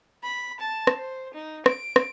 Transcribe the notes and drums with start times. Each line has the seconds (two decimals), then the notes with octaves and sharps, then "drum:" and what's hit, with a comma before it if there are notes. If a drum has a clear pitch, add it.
0.23 B5
0.60 A5
0.87 drum: rim click
0.97 C5
1.34 D#4
1.66 D7, drum: rim click
1.96 drum: rim click